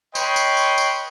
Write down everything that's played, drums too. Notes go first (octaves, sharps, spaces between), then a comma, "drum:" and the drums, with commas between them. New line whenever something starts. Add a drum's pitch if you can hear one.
B4 C#5 D#5 G5 B5 C6, drum: tambourine
drum: tambourine
drum: tambourine
drum: tambourine